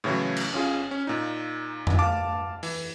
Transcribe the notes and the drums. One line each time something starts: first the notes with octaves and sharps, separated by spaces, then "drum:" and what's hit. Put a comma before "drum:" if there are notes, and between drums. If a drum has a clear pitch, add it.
A2 C#3 E3 F#3 A3
drum: cymbal
G1 C#4 F4 G#4
C#4
A#2 D#4
drum: tom F2
F5 A5 D6
E3, drum: open hi-hat